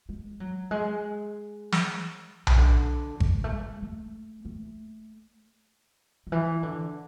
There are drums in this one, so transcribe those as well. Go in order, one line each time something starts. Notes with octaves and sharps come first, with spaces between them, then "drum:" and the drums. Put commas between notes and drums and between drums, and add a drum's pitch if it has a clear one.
G#3
F#3
G#3
drum: snare
C#3, drum: tom B1
D3
G#3, drum: kick G#1
A3
G#3
A3
A3
D3
E3
D3